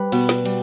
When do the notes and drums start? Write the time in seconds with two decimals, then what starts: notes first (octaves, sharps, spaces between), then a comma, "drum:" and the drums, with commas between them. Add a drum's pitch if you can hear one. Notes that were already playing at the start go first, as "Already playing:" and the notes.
Already playing: G3 B4
0.12 B2, drum: cymbal
0.29 drum: snare
0.45 G3, drum: cymbal